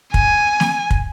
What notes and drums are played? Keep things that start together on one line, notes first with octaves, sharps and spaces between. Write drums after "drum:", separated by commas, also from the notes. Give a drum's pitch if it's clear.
G#5, drum: kick
drum: snare
drum: kick